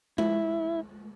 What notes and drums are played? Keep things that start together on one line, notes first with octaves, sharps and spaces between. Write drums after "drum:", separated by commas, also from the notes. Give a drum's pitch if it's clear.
E4, drum: tom G#3